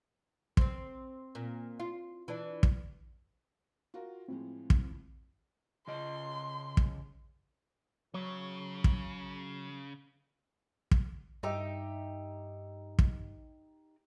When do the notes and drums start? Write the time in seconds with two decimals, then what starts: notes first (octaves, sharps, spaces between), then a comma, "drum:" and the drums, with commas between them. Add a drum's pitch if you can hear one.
0.57 C4 C5, drum: kick
1.35 A#2
1.80 F4
2.28 E3 D4
2.63 drum: kick
3.94 F4 F#4 A#4
4.28 A2 F3 G#3 C4
4.70 drum: kick
5.87 C#3 D#5 C6
6.77 drum: kick
8.14 C#3 F#3 C#5
8.84 drum: kick
10.91 drum: kick
11.43 G2 D#4 G4 E5
12.99 drum: kick